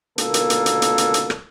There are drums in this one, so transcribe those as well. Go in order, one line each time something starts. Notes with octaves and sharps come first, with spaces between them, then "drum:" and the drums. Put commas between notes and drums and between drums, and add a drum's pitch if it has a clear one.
C#2 B2 D3 A#3 A4 A#4, drum: hi-hat
drum: hi-hat
drum: hi-hat
drum: hi-hat
drum: hi-hat
drum: hi-hat
drum: hi-hat
drum: rim click